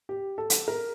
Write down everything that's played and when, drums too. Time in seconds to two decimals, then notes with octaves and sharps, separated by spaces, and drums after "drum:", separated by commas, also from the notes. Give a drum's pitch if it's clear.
0.09 G4
0.38 A4
0.50 drum: hi-hat
0.68 A#4